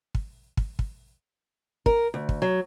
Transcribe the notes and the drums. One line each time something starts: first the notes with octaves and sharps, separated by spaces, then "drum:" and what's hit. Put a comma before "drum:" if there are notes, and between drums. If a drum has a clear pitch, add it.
drum: kick
drum: kick
drum: kick
A#4, drum: kick
D2
drum: kick
F#3